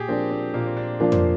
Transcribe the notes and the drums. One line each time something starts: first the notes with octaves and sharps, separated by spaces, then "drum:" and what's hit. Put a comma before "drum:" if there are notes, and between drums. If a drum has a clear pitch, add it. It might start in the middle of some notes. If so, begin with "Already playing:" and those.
Already playing: A#2 G4 G#4
F3 A#3 C4 D4
C4
A#2 A#3
C4
D4
F3 A#3 D4 F4
C5, drum: tom